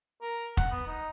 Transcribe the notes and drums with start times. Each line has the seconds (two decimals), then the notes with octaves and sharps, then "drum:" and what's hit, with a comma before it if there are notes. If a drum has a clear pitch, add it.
0.22 A#4
0.57 F#5, drum: kick F1
0.72 B3
0.87 D#4